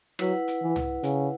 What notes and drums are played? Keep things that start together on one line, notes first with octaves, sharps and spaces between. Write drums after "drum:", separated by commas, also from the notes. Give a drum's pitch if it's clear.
F#3 E4 B4 F#5, drum: rim click
drum: hi-hat
E3
drum: tom
C#3, drum: hi-hat